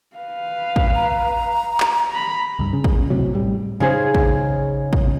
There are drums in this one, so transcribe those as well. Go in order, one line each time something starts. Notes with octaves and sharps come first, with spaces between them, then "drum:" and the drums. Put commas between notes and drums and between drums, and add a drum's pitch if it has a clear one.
B4 F5
drum: kick
A#5
drum: clap
A#5 B5
C#2 G2
C#3
drum: kick
D1 A2 C3 F#3
A2 G3
C#3 D#4 G#4 C5
drum: kick
drum: kick